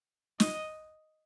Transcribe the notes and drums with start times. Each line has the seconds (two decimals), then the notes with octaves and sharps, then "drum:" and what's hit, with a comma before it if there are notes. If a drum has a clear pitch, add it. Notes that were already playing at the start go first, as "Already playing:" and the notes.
0.40 D#5, drum: snare